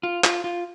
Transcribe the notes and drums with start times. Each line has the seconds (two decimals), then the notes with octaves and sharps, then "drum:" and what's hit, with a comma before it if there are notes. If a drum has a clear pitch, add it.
0.03 F4
0.24 F4, drum: clap
0.44 F4